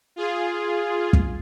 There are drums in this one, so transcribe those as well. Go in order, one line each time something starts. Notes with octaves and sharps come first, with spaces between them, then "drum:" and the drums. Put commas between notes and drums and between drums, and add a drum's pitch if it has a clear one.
F4 G#4
drum: kick